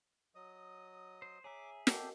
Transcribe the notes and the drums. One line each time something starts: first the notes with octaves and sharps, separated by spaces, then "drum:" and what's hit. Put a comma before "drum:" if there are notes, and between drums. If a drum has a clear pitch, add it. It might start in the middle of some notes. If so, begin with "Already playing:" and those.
F#3 D#5 D#6
C5
G#4 C#5 E5 G#5 A#5 D6
G4 A4 A#4 D#5, drum: snare